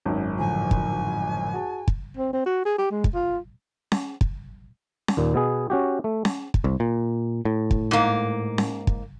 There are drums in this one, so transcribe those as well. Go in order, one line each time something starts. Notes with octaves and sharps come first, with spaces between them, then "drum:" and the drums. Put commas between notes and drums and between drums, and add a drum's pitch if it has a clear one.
G#1 F#2 C#4
A2 D3 F3 G#5
drum: kick
F#4 G#4 A5
drum: kick
C4
C4
F#4
G#4
G4
G#3
drum: kick
F4
drum: snare C#4
drum: kick
drum: snare C#4
D#2 A#2
B2 B3 G#4
C#4 F#4 G4
A3
drum: snare C#4
drum: kick
C2
A#2
A2
drum: kick
G#2 A#3
drum: snare C#4
drum: kick